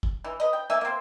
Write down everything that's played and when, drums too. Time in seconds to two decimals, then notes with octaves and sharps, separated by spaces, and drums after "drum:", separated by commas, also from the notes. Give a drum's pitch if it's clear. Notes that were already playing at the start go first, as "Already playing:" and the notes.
0.03 drum: kick
0.24 E3
0.40 B4 D#5
0.53 G5
0.70 A3 A#3 E5 G#5
0.81 A#3 C4